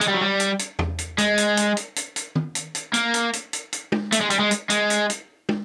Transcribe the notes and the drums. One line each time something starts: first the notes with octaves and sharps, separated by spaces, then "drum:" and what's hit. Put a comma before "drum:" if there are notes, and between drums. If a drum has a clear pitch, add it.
G#3, drum: hi-hat
G3
F#3
G3
drum: hi-hat
drum: hi-hat
drum: tom E2
drum: hi-hat
G#3, drum: hi-hat
drum: hi-hat
drum: hi-hat
drum: hi-hat
drum: hi-hat
drum: hi-hat
drum: tom D#3
drum: hi-hat
drum: hi-hat
A#3, drum: hi-hat
drum: hi-hat
drum: hi-hat
drum: hi-hat
drum: hi-hat
drum: tom
A3, drum: hi-hat
G#3
G3, drum: hi-hat
G#3
drum: hi-hat
G#3, drum: hi-hat
drum: hi-hat
drum: hi-hat
drum: tom